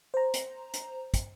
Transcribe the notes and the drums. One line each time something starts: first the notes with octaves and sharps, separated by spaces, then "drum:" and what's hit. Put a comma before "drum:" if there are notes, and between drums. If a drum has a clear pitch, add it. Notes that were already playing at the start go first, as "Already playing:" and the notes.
C5 A#5
drum: hi-hat
drum: hi-hat
drum: kick, hi-hat